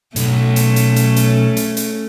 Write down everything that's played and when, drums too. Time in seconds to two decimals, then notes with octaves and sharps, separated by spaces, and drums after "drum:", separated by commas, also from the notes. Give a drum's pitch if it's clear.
0.16 B1 A3 C#4, drum: hi-hat
0.56 drum: hi-hat
0.76 drum: hi-hat
0.96 drum: hi-hat
1.16 drum: hi-hat
1.57 drum: hi-hat
1.77 drum: hi-hat